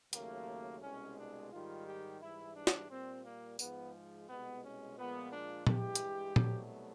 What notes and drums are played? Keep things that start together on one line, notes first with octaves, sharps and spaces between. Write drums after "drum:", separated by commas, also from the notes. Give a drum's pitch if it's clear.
D#2 C#3 F#3 A3 A#3, drum: hi-hat
C2 B2 G#3 C#4
D4
G#2 D#3 G3 F4
G4
G#2 E3 G3 E4
D4
drum: snare
A#2 G3 C4
A#3
G#2 F3 G#3 B3, drum: tambourine
C2 B2 G#3 B3
C#4
A#2 F3 G#3 B3
D4
G2 E3 G#3 G4, drum: tom A#2
drum: hi-hat
C2 B2 F#3 A3, drum: tom A#2